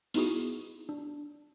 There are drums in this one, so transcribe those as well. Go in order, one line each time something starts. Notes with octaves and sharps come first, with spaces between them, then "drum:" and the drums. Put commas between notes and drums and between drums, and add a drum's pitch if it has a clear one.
B3 D#4 E4 F#4 G#4, drum: open hi-hat
D4